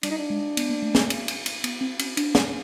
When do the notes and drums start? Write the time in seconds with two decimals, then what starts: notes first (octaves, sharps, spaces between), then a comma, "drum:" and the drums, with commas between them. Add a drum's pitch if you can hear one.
0.03 G3 D4, drum: cymbal
0.11 D#4
0.18 D4
0.30 G#3
0.57 B3, drum: cymbal
0.69 A#3
0.82 A3
0.95 A#3, drum: snare
1.10 drum: cymbal
1.28 drum: cymbal
1.46 drum: cymbal
1.64 B3, drum: cymbal
1.81 C4
1.99 C#4, drum: cymbal
2.17 D4, drum: cymbal
2.35 drum: snare